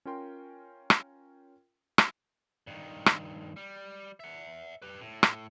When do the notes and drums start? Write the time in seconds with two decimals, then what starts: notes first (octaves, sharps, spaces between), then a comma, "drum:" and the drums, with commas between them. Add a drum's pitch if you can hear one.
0.05 C#4 F4 A#4 G5 C6
0.90 drum: rim click
1.98 drum: rim click
2.67 G2 D#3
3.06 drum: rim click
3.57 G3
4.20 E5 F#5
4.82 G4 B4
5.01 A2
5.23 drum: rim click